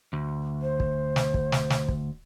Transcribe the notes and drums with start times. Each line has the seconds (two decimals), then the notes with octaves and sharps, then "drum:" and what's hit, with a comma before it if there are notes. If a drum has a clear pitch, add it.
0.13 D2
0.62 C5
0.80 drum: kick
1.16 drum: snare
1.34 drum: kick
1.52 drum: snare
1.70 drum: snare
1.88 drum: kick